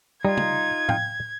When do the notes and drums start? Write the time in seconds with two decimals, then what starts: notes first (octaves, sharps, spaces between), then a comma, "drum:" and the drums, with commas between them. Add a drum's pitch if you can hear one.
0.25 G3 D#4 F4 G#6
0.37 drum: tom
0.89 F5 G5, drum: tom A2